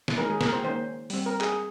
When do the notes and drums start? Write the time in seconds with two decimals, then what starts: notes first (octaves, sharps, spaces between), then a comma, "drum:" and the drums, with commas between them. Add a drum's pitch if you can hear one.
0.08 drum: snare
0.17 D#3 G#3 C#4 A#4
0.30 G#4
0.41 A#4, drum: snare
0.53 C5
0.63 D#3 A#3 C#4 C5
1.10 G3 C4, drum: open hi-hat
1.26 A#4
1.41 G#4, drum: clap